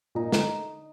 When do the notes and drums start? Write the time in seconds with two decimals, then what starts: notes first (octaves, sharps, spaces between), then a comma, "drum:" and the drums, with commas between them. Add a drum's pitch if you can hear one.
0.15 A#2 D#4
0.32 D3, drum: snare